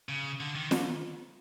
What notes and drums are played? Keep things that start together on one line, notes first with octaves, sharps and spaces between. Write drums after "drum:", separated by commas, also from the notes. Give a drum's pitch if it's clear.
C#3
D3
D#3
drum: snare